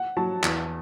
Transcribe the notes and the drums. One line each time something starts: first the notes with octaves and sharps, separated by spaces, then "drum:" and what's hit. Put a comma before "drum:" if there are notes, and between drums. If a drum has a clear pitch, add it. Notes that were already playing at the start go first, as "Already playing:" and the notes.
Already playing: F#5
F#3 A5
E2, drum: clap